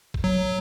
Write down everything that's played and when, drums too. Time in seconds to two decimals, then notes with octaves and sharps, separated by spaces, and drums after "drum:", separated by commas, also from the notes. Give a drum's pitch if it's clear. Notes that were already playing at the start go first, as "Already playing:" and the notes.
0.14 drum: kick G1
0.24 F#3